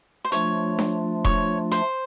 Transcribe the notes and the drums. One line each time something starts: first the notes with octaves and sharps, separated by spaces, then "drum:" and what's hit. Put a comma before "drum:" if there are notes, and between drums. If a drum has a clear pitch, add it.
C5
F3 A3 D4 F4 C#5, drum: hi-hat
drum: snare D4
C#5, drum: kick E1
C5, drum: hi-hat